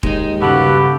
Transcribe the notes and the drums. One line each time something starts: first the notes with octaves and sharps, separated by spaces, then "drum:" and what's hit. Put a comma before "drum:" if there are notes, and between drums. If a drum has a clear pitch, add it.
D#2 G#3 D#4, drum: kick D#1
G2 C#3 F#4 G4 A4 B4